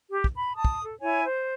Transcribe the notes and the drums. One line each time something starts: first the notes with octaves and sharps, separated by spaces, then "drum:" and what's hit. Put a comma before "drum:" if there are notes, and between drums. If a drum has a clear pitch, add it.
G4
drum: kick
B5
A5 D#6
drum: kick
A4
E4 C#5 G#5
C5